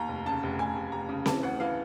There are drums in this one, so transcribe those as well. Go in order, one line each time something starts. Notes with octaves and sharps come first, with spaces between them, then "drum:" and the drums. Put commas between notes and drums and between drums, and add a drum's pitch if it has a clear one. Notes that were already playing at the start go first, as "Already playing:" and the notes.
Already playing: D#2 A#5
F1
C#3 A5
F1
F1 G#5
F1
F1 A#5
C#3
E3 A5, drum: snare C4
D2 F#5
E3 F5